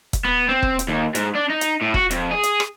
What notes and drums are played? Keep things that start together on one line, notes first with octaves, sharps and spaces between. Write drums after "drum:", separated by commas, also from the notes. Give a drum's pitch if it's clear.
drum: kick E1, hi-hat
B3
C4
drum: kick E1
drum: hi-hat
D#2
G#2, drum: hi-hat
D4
D#4
drum: hi-hat
A2
F#4, drum: kick E1
F2, drum: hi-hat
G#4
drum: hi-hat
drum: rim click